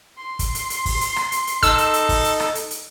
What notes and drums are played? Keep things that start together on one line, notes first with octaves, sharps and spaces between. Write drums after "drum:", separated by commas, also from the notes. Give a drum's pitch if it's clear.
C6
drum: kick, hi-hat
drum: hi-hat
drum: hi-hat
drum: kick, open hi-hat
drum: hi-hat
drum: rim click
drum: hi-hat
drum: hi-hat
D#4 A4 E6, drum: kick, hi-hat
drum: hi-hat
drum: hi-hat
drum: kick, open hi-hat
drum: hi-hat
drum: rim click
drum: hi-hat
drum: hi-hat